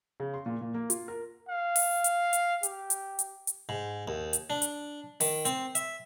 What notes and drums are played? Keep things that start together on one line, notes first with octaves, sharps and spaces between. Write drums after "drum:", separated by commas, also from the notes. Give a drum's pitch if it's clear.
C#3
C6
A#2
A#2
A#3
F4, drum: hi-hat
A#4
F5
drum: open hi-hat
drum: hi-hat
drum: hi-hat
G4, drum: hi-hat
drum: hi-hat
drum: hi-hat
drum: hi-hat
G#2
D#2
drum: hi-hat
D4
drum: hi-hat
D#3, drum: open hi-hat
C4, drum: hi-hat
E5, drum: hi-hat